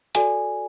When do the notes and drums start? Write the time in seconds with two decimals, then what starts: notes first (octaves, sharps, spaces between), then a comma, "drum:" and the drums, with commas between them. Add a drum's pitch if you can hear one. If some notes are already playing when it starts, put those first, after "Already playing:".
0.15 F#4 A4 D5 G#5, drum: hi-hat